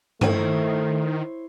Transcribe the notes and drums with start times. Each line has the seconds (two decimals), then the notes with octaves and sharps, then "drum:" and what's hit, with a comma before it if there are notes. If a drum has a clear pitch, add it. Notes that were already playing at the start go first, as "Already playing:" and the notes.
0.21 D#3 A3 E4 C5 C#5, drum: tom G2